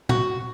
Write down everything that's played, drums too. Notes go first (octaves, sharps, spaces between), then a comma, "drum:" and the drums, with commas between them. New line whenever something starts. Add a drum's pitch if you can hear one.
F#4, drum: tom